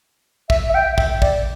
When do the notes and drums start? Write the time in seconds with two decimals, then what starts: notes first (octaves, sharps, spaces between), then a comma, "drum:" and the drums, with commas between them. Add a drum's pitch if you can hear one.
0.50 E5, drum: kick
0.69 E5
0.75 G5
0.98 E5, drum: kick
1.22 D5, drum: kick